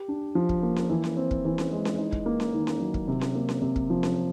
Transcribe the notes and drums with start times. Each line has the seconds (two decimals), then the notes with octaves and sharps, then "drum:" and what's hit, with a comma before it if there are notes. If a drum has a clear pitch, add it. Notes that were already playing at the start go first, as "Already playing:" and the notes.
Already playing: G4
0.08 D4
0.35 F3
0.49 drum: kick
0.63 A#3
0.76 drum: snare C#4
0.90 E3
1.04 drum: snare C#4
1.17 C4
1.31 drum: kick
1.45 E3
1.58 drum: snare C#4
1.72 G#3
1.85 drum: snare C#4
1.98 D#4
2.13 drum: kick
2.26 A#3
2.40 drum: snare C#4
2.54 D#3
2.67 drum: snare C#4
2.80 F#3
2.94 drum: kick
3.08 C3
3.21 drum: snare C#4
3.35 A#3
3.49 drum: snare C#4
3.62 C3
3.76 drum: kick
3.90 F3
4.03 drum: snare C#4